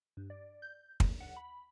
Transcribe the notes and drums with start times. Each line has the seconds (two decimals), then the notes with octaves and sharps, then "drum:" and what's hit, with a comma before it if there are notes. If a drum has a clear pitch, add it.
0.17 G2
0.30 D5
0.62 G6
1.00 D#2, drum: kick
1.20 F#5
1.37 B5